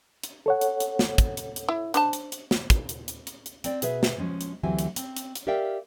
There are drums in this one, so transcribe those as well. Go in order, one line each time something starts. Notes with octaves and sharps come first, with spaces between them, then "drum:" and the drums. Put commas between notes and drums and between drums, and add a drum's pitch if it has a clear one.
drum: hi-hat
A4 C#5 F#5
drum: hi-hat
drum: hi-hat
drum: snare
drum: kick, hi-hat
drum: hi-hat
drum: hi-hat
E4
D4 C5 A5, drum: hi-hat
drum: hi-hat
drum: hi-hat
drum: snare
drum: kick, hi-hat
drum: hi-hat
drum: hi-hat
drum: hi-hat
drum: hi-hat
C4 D5 G5, drum: hi-hat
B2 G#4 B4 E5, drum: hi-hat
drum: snare
F3 G#3 C#4
drum: hi-hat
D2 E3 F#3 C4 G4 G#5
drum: hi-hat
C4, drum: hi-hat
drum: hi-hat
drum: hi-hat
G4 A#4 D5 E5 F5 G5